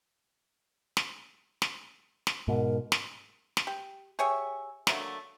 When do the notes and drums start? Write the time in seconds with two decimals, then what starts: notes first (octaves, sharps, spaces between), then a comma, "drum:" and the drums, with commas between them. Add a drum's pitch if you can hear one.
0.97 drum: snare
1.62 drum: snare
2.27 drum: snare
2.48 G#2 B2 A#4
2.92 drum: snare
3.57 drum: snare
3.67 G4
4.19 G4 G#4 C#5 E5
4.87 D3 F#3 A3 A#3, drum: snare